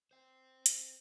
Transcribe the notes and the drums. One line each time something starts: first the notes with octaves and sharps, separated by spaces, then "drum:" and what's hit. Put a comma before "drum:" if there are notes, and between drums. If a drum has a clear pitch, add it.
C5 G5
drum: hi-hat